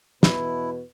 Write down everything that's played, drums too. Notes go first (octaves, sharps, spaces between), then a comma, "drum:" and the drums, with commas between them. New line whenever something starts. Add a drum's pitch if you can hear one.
E2 B2 E4 B4, drum: snare